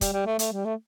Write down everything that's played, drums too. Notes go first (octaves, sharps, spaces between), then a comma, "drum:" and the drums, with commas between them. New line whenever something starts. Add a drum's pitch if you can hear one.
G3, drum: kick, hi-hat
G3
A3
A3, drum: hi-hat
G3
A3